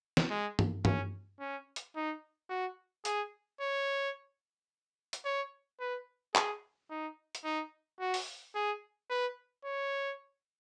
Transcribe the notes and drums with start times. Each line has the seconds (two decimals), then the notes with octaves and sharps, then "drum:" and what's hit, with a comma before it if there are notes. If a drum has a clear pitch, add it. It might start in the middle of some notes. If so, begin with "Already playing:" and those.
0.17 drum: snare
0.30 G#3
0.59 drum: tom
0.85 C#4, drum: tom
1.40 C#4
1.76 drum: hi-hat
1.96 D#4
2.50 F#4
3.05 G#4, drum: hi-hat
3.61 C#5
5.13 drum: hi-hat
5.25 C#5
5.80 B4
6.35 G#4, drum: clap
6.90 D#4
7.35 drum: hi-hat
7.44 D#4
8.00 F#4
8.14 drum: open hi-hat
8.55 G#4
9.10 B4
9.64 C#5